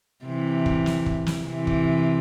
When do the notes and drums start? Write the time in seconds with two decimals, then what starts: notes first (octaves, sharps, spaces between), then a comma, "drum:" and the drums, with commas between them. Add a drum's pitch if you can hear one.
0.25 C3 E3
0.66 drum: kick
0.86 drum: snare
1.06 drum: kick
1.27 drum: snare
1.47 C3 E3
1.67 drum: kick